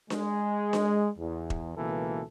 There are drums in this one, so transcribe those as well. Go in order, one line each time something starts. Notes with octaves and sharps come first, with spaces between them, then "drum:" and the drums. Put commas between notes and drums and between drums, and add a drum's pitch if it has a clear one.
G#3, drum: snare D4
drum: snare D4
E2
drum: kick E1
C#2 B2 E3 A#3 A4